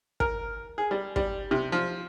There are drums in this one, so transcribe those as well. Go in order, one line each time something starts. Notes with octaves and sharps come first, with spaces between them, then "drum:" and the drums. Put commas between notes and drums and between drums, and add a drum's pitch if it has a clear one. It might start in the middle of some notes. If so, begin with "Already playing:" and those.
A#4, drum: kick
G#4
G3
G3, drum: kick
C3
F3